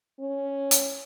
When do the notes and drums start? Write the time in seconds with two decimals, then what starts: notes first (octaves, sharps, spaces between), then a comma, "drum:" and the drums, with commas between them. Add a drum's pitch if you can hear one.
0.20 C#4
0.71 drum: hi-hat